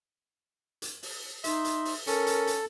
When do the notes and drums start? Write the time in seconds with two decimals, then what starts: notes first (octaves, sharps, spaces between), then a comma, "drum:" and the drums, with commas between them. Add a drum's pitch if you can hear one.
0.82 drum: hi-hat
1.03 drum: open hi-hat
1.44 D#4 E5 C6, drum: hi-hat
1.65 drum: hi-hat
1.85 drum: open hi-hat
2.07 C#4 A4 A#4, drum: hi-hat
2.27 drum: hi-hat
2.47 drum: hi-hat